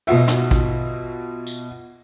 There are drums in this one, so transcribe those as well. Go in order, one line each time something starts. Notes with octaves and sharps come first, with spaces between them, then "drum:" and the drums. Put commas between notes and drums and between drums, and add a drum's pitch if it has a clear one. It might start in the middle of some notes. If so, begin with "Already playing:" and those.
B2 F4 F#4 E5, drum: cymbal
drum: snare
drum: kick
drum: tambourine